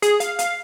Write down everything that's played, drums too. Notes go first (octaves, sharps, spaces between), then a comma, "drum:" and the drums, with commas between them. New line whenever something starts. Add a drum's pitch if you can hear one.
G#4, drum: hi-hat
F5, drum: hi-hat
F5, drum: hi-hat